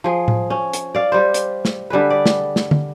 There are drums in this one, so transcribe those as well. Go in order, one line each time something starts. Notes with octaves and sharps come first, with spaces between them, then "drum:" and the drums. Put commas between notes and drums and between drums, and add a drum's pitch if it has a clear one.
F3 G#4
drum: tom A2
C#4
drum: hi-hat
D5 F5
G3 C5
drum: hi-hat
drum: snare
D3 G3 G#4 B4
D5
drum: snare
drum: snare
drum: tom